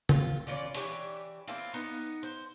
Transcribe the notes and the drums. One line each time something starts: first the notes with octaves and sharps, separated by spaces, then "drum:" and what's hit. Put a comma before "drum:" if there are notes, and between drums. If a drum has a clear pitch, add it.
F4, drum: tom C#3
E3 C#4 F4 D5
E3 D4 G4 C#5, drum: open hi-hat
A#3 C4 E4 F4
B3 D#4
C5